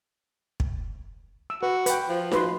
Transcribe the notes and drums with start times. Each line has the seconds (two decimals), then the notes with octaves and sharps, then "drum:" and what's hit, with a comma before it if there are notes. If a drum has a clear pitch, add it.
0.60 drum: kick
1.50 E6
1.63 F#4 B4
1.86 B4 G5, drum: hi-hat
2.09 F3
2.31 F#4 B4 C6, drum: snare D#4